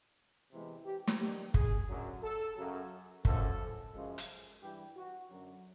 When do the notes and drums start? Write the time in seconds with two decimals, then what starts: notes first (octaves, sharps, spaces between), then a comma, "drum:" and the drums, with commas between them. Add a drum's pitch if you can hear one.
0.51 E2 C3 E3 G#3
0.86 G4
1.07 drum: snare
1.20 G2 D#3 G3 G4
1.54 G#4, drum: kick
1.89 F#2 D3 F#3
2.23 A4
2.57 F#2 C#3 F#3
3.25 F#2 D3 F3 G#3 A4, drum: kick
3.93 F#2 C#3 F3 G#3
4.18 drum: hi-hat
4.62 G2 E3 G3 G4
4.96 F#4
5.30 F#2 D3 F#3